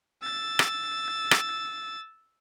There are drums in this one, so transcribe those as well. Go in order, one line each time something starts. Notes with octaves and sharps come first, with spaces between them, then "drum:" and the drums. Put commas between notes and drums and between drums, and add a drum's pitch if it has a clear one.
E6 A6
drum: rim click
drum: rim click